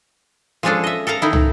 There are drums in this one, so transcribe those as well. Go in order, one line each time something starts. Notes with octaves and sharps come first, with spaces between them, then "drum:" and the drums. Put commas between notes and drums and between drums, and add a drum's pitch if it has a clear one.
F3 G#3 C#4 D4 G#4 A4
D#5 E5
A4 A#4 F5 A#5
D#3 D#4 E4
drum: tom